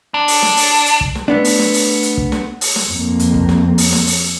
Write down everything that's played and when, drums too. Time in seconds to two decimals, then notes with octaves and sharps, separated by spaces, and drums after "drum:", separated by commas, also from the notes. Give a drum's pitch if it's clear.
0.14 D4
0.28 drum: open hi-hat
0.42 drum: snare
0.57 drum: open hi-hat
0.86 drum: hi-hat
1.01 drum: kick
1.15 drum: snare
1.28 A3 B3 D4
1.44 drum: open hi-hat
1.59 drum: snare
1.74 drum: open hi-hat
2.03 drum: hi-hat
2.17 drum: kick
2.32 drum: snare
2.61 drum: open hi-hat
2.76 drum: snare
2.90 F2 A#3
3.20 drum: hi-hat
3.34 drum: kick
3.49 drum: snare
3.78 drum: open hi-hat
3.92 drum: snare
4.07 drum: open hi-hat